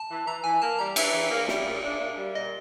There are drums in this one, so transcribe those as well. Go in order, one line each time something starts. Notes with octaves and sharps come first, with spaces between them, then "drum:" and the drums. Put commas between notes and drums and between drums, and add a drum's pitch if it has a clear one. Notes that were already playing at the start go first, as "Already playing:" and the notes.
Already playing: A5
E3
E3 A#5
E3 G#5
A#3 A5
G3 A#5
E3 E5, drum: cymbal
E3
A#3
G3, drum: snare
A#2
D4
A#3
G3
A#2 D#5